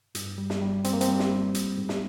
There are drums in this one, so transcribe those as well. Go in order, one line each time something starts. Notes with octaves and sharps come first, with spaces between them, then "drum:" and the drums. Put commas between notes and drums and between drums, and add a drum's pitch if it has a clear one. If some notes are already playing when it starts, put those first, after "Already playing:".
G2, drum: hi-hat
G3
drum: snare
G3
G3 C4, drum: hi-hat
A#3
C4, drum: hi-hat
G3
drum: snare
G3
G#2, drum: hi-hat
G#2
drum: snare